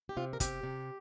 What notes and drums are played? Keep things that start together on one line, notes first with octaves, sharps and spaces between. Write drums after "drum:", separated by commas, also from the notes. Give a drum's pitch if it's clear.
G4
C3 F4
A#4
C3 G4, drum: kick, hi-hat
C3